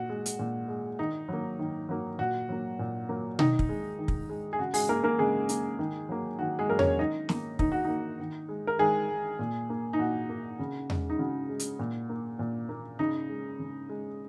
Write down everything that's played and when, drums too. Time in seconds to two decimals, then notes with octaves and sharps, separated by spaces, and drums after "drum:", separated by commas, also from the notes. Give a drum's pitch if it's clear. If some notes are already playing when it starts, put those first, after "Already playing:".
Already playing: A#2 F#4
0.09 G#3
0.26 drum: hi-hat
0.39 A#2
0.68 G#3
0.99 D#3 D#4
1.29 F#3 A#3
1.59 D#3
1.89 F#3 A#3
2.19 A#2 F#4
2.49 F#3 A#3
2.79 A#2
3.09 F#3 A#3
3.39 D#3 D#4, drum: tom B2
3.59 drum: kick
3.69 G#3
3.99 D#3
4.08 drum: kick
4.30 G#3
4.53 G#4
4.59 C#3 F#4
4.74 G#3 G#4, drum: open hi-hat
4.89 A#3 A#4
5.04 A#3 A#4
5.19 C#3 G#3 G#4
5.49 A#3, drum: hi-hat
5.79 D#3
6.09 F#3 A#3
6.39 D#3 F#4
6.59 G#3 G#4
6.69 F#3 A#3 A#4
6.79 C#4 C#5, drum: tom E2
6.99 D#3 D#4 D#5
7.29 A#3, drum: snare
7.59 D#3 D#4, drum: kick
7.72 F#4
7.84 A#3 D#4
8.19 D#3
8.49 G#3
8.67 A#4
8.79 D#3 G#3 G#4
9.09 G#3
9.39 A#2
9.70 A#3
9.93 D#4
9.99 A#2 F#4
10.29 A#3
10.59 C#3
10.90 G#3, drum: tom E2
11.10 D#4
11.19 C#3 F#4
11.49 G#3
11.59 drum: hi-hat
11.79 A#2
12.09 A#3
12.39 A#2
12.69 A#3
12.99 C#3 D#4
13.29 G#3
13.59 C#3
13.89 G#3